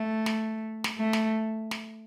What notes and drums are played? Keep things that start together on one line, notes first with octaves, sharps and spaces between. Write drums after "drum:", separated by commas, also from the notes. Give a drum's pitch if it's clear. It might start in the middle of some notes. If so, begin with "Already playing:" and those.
Already playing: A3
drum: snare
drum: snare
A3
drum: snare
drum: snare